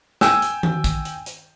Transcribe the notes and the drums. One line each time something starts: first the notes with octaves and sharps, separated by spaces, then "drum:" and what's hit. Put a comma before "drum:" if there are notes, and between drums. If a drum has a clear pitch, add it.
G5 G#5 E6, drum: snare
drum: hi-hat
drum: tom D#3
drum: kick, hi-hat
drum: hi-hat
drum: hi-hat